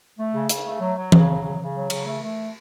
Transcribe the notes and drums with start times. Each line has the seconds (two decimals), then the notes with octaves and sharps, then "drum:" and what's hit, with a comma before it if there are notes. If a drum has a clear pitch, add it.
0.18 A3
0.34 C#3
0.49 C#3, drum: hi-hat
0.66 A3
0.80 F#3
0.96 F#3
1.12 C#3, drum: tom E3
1.28 F#3
1.43 C#3
1.59 C#3
1.74 F#3
1.90 C#3, drum: cymbal
2.06 A3
2.22 A3